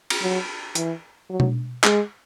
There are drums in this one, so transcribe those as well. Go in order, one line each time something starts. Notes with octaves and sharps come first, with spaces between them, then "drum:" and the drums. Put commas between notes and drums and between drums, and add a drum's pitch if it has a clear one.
drum: cymbal
F#3
E3, drum: hi-hat
F#3
drum: tom B2
G#3, drum: clap